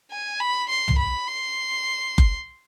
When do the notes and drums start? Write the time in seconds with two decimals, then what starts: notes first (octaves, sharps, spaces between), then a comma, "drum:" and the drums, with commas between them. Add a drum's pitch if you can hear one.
0.11 G#5
0.40 B5
0.69 C6
0.88 drum: tom
0.98 B5
1.28 C6
2.18 drum: kick F#1